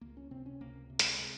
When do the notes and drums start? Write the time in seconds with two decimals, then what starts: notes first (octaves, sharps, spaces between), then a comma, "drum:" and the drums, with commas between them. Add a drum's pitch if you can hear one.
0.01 C#2 A#3
0.17 C#4
0.31 C3 C4
0.46 C#4
0.60 C#2 A#3
0.90 C3
0.99 G#3, drum: hi-hat
1.19 C3